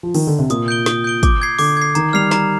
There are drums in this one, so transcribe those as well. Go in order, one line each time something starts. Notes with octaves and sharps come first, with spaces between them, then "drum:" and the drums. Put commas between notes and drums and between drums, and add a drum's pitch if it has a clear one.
F3
D#3, drum: open hi-hat
D3
C3
A#2 D#6, drum: hi-hat
G6 D7 G7
D#6, drum: snare
G6 D7 G7
D6, drum: kick, hi-hat
G#6 C7
D3 D6, drum: open hi-hat
G#6 C7
D#3 A#5, drum: hi-hat
G3 F6 C7 F7
A#5, drum: snare